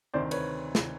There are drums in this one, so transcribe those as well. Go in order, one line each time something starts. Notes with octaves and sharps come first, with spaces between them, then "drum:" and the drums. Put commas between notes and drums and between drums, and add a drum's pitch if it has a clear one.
D2 C3 D#3 C5 D5
B4 C#5, drum: cymbal
drum: snare